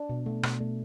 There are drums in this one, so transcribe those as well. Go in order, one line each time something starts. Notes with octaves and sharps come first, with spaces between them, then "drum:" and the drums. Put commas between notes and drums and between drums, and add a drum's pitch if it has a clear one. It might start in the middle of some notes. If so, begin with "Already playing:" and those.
Already playing: D4
B2
A3
B2, drum: rim click
A3